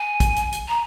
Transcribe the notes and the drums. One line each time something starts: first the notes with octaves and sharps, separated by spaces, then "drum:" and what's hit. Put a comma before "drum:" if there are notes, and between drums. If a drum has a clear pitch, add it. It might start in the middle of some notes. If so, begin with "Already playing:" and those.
Already playing: G#5
drum: kick, hi-hat
drum: hi-hat
drum: hi-hat
A#5